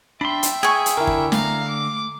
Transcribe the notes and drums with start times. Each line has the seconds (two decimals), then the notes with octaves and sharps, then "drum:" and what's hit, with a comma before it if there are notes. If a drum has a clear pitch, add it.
0.21 D4 E5 G5 B5 C6
0.43 drum: hi-hat
0.63 G#4 G#5 C#6
0.86 drum: hi-hat
0.97 D3 E4 A#4
1.07 drum: kick
1.32 A3 F5 A#5, drum: snare
1.68 D6